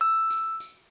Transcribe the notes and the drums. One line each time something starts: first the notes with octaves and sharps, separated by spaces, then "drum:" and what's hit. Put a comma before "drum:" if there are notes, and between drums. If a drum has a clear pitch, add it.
E6
drum: tambourine
drum: tambourine